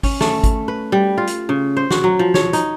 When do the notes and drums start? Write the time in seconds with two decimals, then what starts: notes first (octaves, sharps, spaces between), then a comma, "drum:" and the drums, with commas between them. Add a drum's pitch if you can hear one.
0.03 C#4, drum: kick G#1, open hi-hat
0.21 A3, drum: snare
0.44 drum: kick G#1, hi-hat
0.68 B4
0.92 G3
1.18 F4
1.27 drum: hi-hat
1.49 C#3
1.77 C5
1.90 F#4, drum: snare
2.04 F#3
2.19 F3
2.34 C#5, drum: snare
2.53 D#4, drum: hi-hat